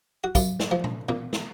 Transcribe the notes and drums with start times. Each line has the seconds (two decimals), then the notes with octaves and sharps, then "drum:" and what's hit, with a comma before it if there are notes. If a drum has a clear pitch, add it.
0.24 F#4
0.35 F#2 F4, drum: kick, tambourine
0.60 drum: snare
0.71 F3
0.84 drum: tom A#2
1.09 A#2, drum: tom
1.33 drum: snare